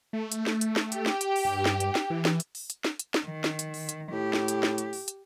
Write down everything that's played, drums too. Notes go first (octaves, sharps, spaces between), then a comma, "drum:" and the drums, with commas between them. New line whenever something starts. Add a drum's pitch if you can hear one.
A3
drum: hi-hat
drum: snare
drum: hi-hat
drum: snare
G4, drum: hi-hat
drum: snare
drum: hi-hat
drum: open hi-hat
G2
drum: snare
drum: hi-hat
drum: snare
E3
drum: snare
drum: hi-hat
drum: open hi-hat
drum: hi-hat
drum: snare
drum: hi-hat
drum: snare
D#3
drum: snare
drum: hi-hat
drum: open hi-hat
drum: hi-hat
A2 G4
drum: snare
drum: hi-hat
drum: snare
drum: hi-hat
drum: open hi-hat
drum: hi-hat